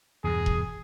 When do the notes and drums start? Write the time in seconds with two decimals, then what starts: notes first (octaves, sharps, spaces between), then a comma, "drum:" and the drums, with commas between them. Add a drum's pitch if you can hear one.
0.24 E2 G2 B2 G#4
0.46 drum: kick E1